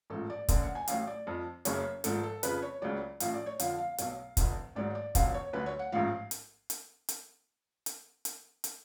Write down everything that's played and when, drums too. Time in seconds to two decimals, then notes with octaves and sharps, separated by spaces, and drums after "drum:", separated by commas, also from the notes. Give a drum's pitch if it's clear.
0.10 A1 G#2 F3 A4
0.30 D5
0.48 F#1 F#2 D3 D5, drum: kick, hi-hat
0.62 F#5
0.75 G#5
0.88 A1 A2 F#3 F5, drum: hi-hat
1.07 D5
1.27 F2 F3
1.65 F#1 F#2 C#3 F#3 C#5, drum: hi-hat
2.04 G#1 G#2 F3 A4, drum: hi-hat
2.23 A4
2.43 F2 C#3 F3 B4, drum: hi-hat
2.62 C#5
2.82 C#2 C#3 F#3 D5
3.20 A1 A2 F3 F5, drum: hi-hat
3.34 D5
3.46 C#5
3.60 F2 D3 F3 F5, drum: hi-hat
3.78 F5
3.98 B1 B2 F#3 F5, drum: hi-hat
4.37 F1 F2 D3, drum: kick, hi-hat
4.75 G#1 G#2 F#3 D5
4.95 D5
5.15 F1 F2 D3 F#3 F5, drum: kick, hi-hat
5.34 C#5
5.53 D2 D3 F#3 B4
5.66 C#5
5.79 F#5
5.92 A1 G#2 F3 F5
6.31 drum: hi-hat
6.70 drum: hi-hat
7.09 drum: hi-hat
7.86 drum: hi-hat
8.25 drum: hi-hat
8.64 drum: hi-hat